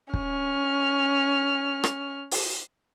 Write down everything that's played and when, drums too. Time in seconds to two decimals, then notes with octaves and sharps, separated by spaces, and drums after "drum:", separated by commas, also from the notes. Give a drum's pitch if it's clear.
0.14 C#4 F6, drum: kick
1.84 drum: rim click
2.31 drum: open hi-hat